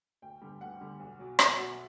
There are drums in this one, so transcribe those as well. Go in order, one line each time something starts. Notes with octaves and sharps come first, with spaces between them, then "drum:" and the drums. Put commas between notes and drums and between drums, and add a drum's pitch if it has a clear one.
D2 G5
D3 G3
D2 F#5
D3 G3
B1
B2 F#3
B1 E5, drum: rim click
B2 F#3 F#5